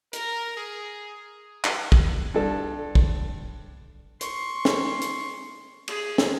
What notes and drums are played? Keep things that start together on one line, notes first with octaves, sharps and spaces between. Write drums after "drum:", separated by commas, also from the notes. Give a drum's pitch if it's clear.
A#4, drum: hi-hat
G#4
drum: clap
drum: kick
G2 A4
drum: kick
C6 C#6, drum: hi-hat
drum: snare
drum: hi-hat
G#4, drum: cymbal
drum: snare